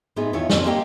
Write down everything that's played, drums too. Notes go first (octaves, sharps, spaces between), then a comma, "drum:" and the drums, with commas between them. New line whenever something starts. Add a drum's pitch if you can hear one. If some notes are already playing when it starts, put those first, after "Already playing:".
A2 B3 C4 D#4 G#4
E2 D#3 E4 F4 C#5
F2 A#3 C4 D#4 A4, drum: snare
A#3 G4 C5 C#5 D#5 G5